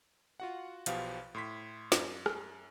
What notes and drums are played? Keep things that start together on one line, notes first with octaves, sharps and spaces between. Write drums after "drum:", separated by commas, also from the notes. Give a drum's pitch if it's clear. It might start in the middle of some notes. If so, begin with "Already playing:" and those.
F4 F#4 F#5
B1 B2 F3 F4 G4 F5, drum: hi-hat
A2 C6 B6
F#2, drum: snare
drum: rim click